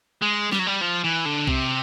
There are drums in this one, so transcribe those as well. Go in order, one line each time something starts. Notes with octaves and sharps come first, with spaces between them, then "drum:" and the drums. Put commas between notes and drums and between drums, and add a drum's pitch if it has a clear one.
G#3
G3, drum: snare
F#3
G3
F3
E3
D3
C3, drum: kick B1